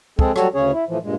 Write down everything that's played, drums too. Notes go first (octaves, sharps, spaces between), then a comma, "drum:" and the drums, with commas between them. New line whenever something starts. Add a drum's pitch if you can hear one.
G#3 C4 G#4 A4, drum: kick
F#3 G3 F#4 A4 C#5, drum: rim click
D2 C#3 C#4 G#4 C#5
E4
A2 E3 F3
G2 A#2 G#3